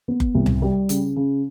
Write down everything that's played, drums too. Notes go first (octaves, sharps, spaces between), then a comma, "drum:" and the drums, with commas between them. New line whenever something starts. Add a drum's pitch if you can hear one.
B3
drum: kick F#1
C2
drum: tom C2
G3
C#3, drum: hi-hat
C#3